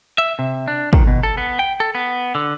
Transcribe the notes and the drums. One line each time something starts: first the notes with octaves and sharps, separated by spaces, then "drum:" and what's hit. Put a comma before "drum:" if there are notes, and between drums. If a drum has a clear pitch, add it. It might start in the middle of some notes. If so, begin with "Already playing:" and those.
E5
C3
D4
D#3, drum: kick
B2
A4
B3
G5
A4
B3
D3